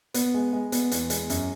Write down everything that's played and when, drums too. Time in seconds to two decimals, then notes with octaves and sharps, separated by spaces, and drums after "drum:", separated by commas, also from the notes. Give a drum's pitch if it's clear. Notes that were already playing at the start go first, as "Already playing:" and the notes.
0.14 B3, drum: hi-hat
0.34 G#3
0.53 G#3
0.72 B3, drum: hi-hat
0.91 E2, drum: hi-hat
1.10 G#3, drum: hi-hat
1.30 F#2, drum: hi-hat